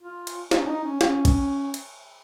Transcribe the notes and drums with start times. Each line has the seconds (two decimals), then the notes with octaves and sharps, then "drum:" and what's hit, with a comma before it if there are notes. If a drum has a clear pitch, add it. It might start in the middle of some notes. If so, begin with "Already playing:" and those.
0.02 F4
0.27 drum: cymbal
0.51 D#4, drum: snare
0.60 C#4
0.68 D#4
0.84 C#4
1.01 C#4, drum: snare
1.25 drum: kick, cymbal
1.74 drum: cymbal